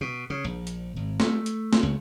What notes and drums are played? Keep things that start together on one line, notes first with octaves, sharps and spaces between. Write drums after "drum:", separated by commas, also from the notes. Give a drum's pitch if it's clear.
B2
C#3
A#1
drum: hi-hat
G#1
A3, drum: snare
drum: hi-hat
drum: snare
C#2